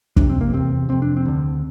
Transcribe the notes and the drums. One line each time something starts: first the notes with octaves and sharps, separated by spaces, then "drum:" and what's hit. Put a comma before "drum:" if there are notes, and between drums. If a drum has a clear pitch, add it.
F2 C3 D4, drum: kick
C4
A#3
E2 C3 C4
F2 C3 C4
D4
C4
D2 D3